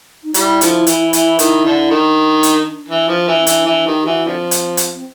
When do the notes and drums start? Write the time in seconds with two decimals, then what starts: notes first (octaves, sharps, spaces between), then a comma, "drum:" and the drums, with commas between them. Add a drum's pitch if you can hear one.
0.23 D#4
0.34 G3 E4, drum: hi-hat
0.61 D3 F3, drum: hi-hat
0.87 E3, drum: hi-hat
1.13 E3, drum: hi-hat
1.39 D#3, drum: hi-hat
1.64 D3
1.91 D#3 D4
2.43 drum: hi-hat
2.88 E3
3.08 F3
3.28 E3
3.39 C#4
3.47 E3 D4, drum: hi-hat
3.66 E3 D4
3.86 D#3 G4
4.06 E3 F#4
4.25 D3 F3 C4
4.51 drum: hi-hat
4.77 drum: hi-hat
4.95 C4